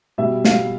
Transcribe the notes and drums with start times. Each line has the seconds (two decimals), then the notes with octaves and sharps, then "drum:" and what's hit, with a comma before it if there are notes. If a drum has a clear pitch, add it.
0.18 B2 G3 E5
0.45 F5, drum: snare